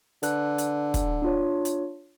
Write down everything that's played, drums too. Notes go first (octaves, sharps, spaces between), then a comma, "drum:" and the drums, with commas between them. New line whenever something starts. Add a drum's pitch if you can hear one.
D3 B4 F#6, drum: hi-hat
drum: hi-hat
drum: kick, hi-hat
D4 F4 C#5
drum: hi-hat